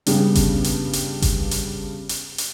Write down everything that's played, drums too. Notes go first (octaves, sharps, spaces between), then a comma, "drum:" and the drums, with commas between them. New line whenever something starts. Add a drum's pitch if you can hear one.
G2 C#3 G3 B3, drum: hi-hat
drum: kick G1, hi-hat
drum: hi-hat
drum: hi-hat
drum: kick G1, hi-hat
drum: hi-hat
drum: hi-hat
drum: hi-hat